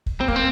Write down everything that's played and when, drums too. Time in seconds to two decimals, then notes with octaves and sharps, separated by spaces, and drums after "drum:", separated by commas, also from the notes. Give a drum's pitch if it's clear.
0.06 drum: kick
0.21 C4
0.28 A#3, drum: kick
0.36 C4